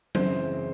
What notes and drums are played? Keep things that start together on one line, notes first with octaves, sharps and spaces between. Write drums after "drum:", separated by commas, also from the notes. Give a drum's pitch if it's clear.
F#2 C#3 E3 G#3 C4 C5, drum: tom F#3